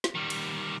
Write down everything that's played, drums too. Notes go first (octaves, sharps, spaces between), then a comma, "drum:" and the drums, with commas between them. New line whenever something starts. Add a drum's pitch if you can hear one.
drum: snare
D#3 G3
drum: cymbal